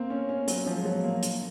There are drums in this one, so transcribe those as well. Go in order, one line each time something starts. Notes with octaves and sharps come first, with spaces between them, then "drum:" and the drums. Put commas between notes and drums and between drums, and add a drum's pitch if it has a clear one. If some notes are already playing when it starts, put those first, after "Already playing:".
Already playing: A#3 C4
C#4
C#4
F#3, drum: hi-hat
F3
G#3
F#3
A#3
A#3, drum: hi-hat